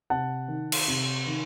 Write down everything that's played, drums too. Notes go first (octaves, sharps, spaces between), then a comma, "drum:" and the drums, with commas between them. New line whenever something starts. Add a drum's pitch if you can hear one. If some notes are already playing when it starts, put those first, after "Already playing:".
C3 F#5 A5
D#3
drum: cymbal
C3
D#3